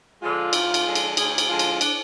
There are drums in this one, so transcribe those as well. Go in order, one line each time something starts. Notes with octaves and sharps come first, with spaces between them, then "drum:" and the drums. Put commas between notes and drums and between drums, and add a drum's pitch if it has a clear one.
D3 F3 G#3 F4
D2, drum: cymbal
drum: cymbal
D3 F3 G#3
drum: cymbal
D2 G#4, drum: cymbal
drum: cymbal
D3 F3 G#3 F4
drum: cymbal
D4, drum: cymbal